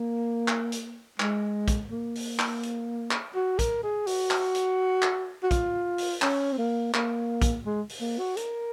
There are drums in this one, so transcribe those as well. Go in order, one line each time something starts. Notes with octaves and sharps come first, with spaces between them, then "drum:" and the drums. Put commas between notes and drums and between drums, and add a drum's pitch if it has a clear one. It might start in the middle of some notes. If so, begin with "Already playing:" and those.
Already playing: A#3
drum: clap
drum: hi-hat
G#3, drum: clap
drum: kick, hi-hat
A#3
drum: open hi-hat
drum: clap
drum: hi-hat
drum: clap
F#4
A#4, drum: kick, hi-hat
G#4
F#4, drum: open hi-hat
drum: clap
drum: hi-hat
drum: clap
F#4
F4, drum: kick, hi-hat
drum: open hi-hat
C#4, drum: clap
C4
A#3
A#3, drum: clap
drum: kick, hi-hat
G#3
drum: open hi-hat
A#3
F#4
A#4, drum: hi-hat